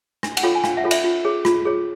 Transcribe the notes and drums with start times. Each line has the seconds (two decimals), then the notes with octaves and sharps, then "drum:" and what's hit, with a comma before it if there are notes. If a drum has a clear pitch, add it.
0.23 D4, drum: rim click
0.37 F#5, drum: cymbal
0.43 F4 A4 C#5 F5 G5
0.55 G#5
0.64 D4 F5 G5, drum: rim click
0.77 E5 F#5
0.84 F4 A4 C#5
0.91 D5 E5, drum: cymbal
1.04 F4
1.25 G#4 C#5
1.45 F4, drum: rim click
1.65 G#4 C#5